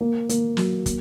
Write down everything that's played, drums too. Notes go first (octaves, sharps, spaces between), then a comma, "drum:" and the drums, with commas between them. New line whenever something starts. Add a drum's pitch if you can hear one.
A#3
A#3, drum: hi-hat
F#3, drum: snare
A#3, drum: kick, hi-hat